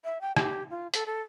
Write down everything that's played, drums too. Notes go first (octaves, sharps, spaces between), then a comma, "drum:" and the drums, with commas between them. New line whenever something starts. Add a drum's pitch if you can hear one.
E5
G5
G4, drum: rim click
F4
A4, drum: hi-hat
A4